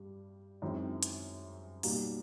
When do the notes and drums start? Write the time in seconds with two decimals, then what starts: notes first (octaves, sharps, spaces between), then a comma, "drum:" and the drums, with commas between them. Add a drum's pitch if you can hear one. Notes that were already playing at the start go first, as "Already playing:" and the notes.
Already playing: G2 G3
0.62 F#2 D#3 G#3 C4 E4
1.03 drum: hi-hat
1.83 B2 G3 A#3 D#4, drum: open hi-hat